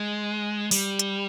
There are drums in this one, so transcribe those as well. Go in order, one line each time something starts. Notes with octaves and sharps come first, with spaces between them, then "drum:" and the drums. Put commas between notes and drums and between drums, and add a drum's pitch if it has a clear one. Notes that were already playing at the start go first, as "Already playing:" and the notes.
Already playing: G#3
G3, drum: open hi-hat
drum: hi-hat